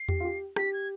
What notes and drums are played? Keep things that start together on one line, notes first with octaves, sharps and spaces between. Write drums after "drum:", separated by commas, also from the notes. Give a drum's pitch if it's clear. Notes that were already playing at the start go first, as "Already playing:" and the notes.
Already playing: C7
G4, drum: tom E2
F4
G4
G4 B6, drum: rim click
G#6